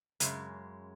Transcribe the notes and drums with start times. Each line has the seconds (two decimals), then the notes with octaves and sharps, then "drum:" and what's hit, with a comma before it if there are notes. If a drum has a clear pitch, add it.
0.20 F#2 C#3 G#3, drum: hi-hat